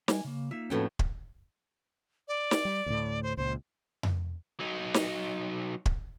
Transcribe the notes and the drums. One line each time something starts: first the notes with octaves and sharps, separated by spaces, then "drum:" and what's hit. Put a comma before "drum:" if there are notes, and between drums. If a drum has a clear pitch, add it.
G3 G#5, drum: snare
C#3 A#3
A#3 D#4 F4 E5
F2 A2 C#4 F#4 B4 G5
drum: kick
D5
drum: snare
G3
D2 A2
C5
C#2 A#2 C5
drum: tom F2
F#3 D#4
drum: snare
drum: kick